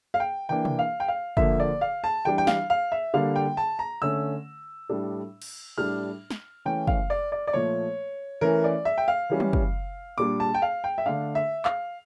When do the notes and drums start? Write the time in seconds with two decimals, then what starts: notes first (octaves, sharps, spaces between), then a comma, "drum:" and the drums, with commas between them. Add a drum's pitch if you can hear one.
0.14 F5
0.20 G5
0.49 E3 A#3 D4 G5
0.65 drum: tom B2
0.79 F5
1.00 G5
1.08 F5
1.37 D3 F3 A#3 E5, drum: kick
1.60 D5
1.81 F5
2.04 A5
2.25 E3 G3 D4 G5
2.38 G5
2.47 F5, drum: snare
2.70 F5
2.92 E5
3.14 D3 G3 A#3 D4 F5
3.36 G5
3.57 A5
3.79 A#5
4.02 D3 A3 C#4 E6
4.89 A2 G3 D4
5.42 drum: cymbal
5.78 A2 G3 D4 F6
6.31 drum: snare
6.65 E3 A3 C#4 G5
6.87 F5, drum: kick
7.10 D5
7.32 D5
7.47 D5
7.53 A#2 F3 A3 C#5
8.41 E3 A3 C#4 A#4
8.64 D5
8.85 E5
8.98 G5
9.08 F5
9.30 E3 G3 C#4
9.40 drum: tom F#3
9.53 drum: kick
10.18 A#2 G3 D4 D6
10.40 A5
10.54 G5
10.62 F5
10.84 G5
10.98 E5
11.06 D3 A3 D4 F5
11.35 E5
11.65 F5, drum: clap